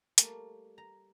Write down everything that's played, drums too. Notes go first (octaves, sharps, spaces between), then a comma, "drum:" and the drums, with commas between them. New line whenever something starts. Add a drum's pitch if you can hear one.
G3 A3 A#3, drum: hi-hat
A#5